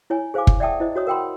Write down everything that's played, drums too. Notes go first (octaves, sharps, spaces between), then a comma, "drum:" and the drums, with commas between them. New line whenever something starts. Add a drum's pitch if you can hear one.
E4 C#5 G#5
G#4 C5 F5 G#5 D6
drum: kick
D5 E5 F#5 G5 A5 D#6
E4 C5 D#5
F#4 C#5 D#6
A#4 F#5 G5 B5 C6